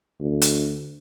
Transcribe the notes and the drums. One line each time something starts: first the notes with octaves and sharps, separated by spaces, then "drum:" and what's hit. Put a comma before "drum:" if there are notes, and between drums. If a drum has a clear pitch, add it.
D2
drum: hi-hat